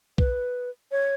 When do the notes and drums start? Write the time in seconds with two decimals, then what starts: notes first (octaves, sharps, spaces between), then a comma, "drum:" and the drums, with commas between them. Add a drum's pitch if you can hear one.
0.18 B4, drum: kick B1
0.92 C#5